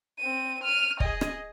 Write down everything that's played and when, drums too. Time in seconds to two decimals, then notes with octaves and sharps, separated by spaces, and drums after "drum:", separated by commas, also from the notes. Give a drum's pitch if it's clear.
0.19 C4 D#7
0.63 F6 D#7
1.00 G#4 D#5, drum: kick
1.21 drum: rim click